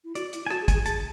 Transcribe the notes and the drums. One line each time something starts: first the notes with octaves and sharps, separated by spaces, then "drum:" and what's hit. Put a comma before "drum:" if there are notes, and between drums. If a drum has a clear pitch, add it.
E4
F#4 D5, drum: hi-hat
E4, drum: hi-hat
G#5
F#4 A5, drum: rim click
G#4
G#5, drum: kick, hi-hat
G#4
G#4 A5, drum: hi-hat